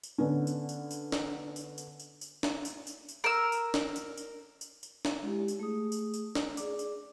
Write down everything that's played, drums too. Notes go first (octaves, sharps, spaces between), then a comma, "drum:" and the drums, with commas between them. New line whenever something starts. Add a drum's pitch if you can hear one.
drum: tambourine
D3 B3 C#4
drum: tambourine
drum: tambourine
drum: tambourine
drum: snare
drum: tambourine
drum: tambourine
drum: tambourine
drum: tambourine
drum: snare
drum: tambourine
drum: tambourine
drum: tambourine
A#4 E6
drum: tambourine
drum: snare
drum: tambourine
drum: tambourine
drum: tambourine
drum: tambourine
drum: snare
G#3 E4 G4
drum: tambourine
A3 G#4 D#6
drum: tambourine
drum: tambourine
drum: snare
G#4 D5 D6, drum: tambourine
drum: tambourine